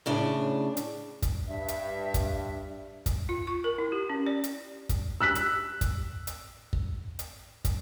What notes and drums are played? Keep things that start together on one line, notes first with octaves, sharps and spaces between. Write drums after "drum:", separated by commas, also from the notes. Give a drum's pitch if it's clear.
A2 C#3 D4
drum: hi-hat
drum: kick, hi-hat
G2 E5
drum: hi-hat
drum: kick, hi-hat
drum: kick, hi-hat
F4
C#6
A#4
E4
G4
C#4
D5
drum: hi-hat
drum: kick, hi-hat
E6 F#6 B6
drum: hi-hat
drum: kick, hi-hat
drum: hi-hat
drum: kick
drum: hi-hat
drum: kick, hi-hat